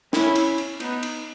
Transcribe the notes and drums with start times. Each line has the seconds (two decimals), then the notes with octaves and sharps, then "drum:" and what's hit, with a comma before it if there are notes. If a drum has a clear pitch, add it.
0.13 C#4 E4, drum: snare
0.35 drum: cymbal
0.58 drum: cymbal
0.80 B3 D#4, drum: cymbal
1.03 drum: cymbal